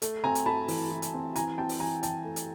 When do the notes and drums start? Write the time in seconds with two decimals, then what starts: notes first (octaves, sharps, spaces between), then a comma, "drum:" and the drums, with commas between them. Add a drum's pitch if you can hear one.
0.02 A3, drum: hi-hat
0.24 C4 G#5 A#5
0.35 drum: hi-hat
0.46 A3 A5 B5
0.68 E3, drum: open hi-hat
0.91 E3
1.02 drum: hi-hat
1.14 C4
1.36 E3 G#5 A#5, drum: hi-hat
1.58 C4 G5 A5
1.69 drum: open hi-hat
1.80 E3 G#5 A#5
2.03 E3 G5 A5, drum: hi-hat
2.25 A3
2.36 drum: hi-hat